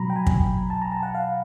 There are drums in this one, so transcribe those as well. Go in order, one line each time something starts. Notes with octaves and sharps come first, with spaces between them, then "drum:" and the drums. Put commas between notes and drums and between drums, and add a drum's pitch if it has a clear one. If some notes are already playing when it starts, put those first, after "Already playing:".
Already playing: B2 F#3 A#5 B5
G5
G#5
drum: kick
A5
A#5
A5
F#5
F5